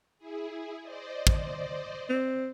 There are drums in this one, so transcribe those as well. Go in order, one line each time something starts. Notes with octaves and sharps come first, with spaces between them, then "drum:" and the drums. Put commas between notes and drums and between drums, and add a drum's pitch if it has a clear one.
E4 G#4
C5 D5 D#5
drum: kick
C4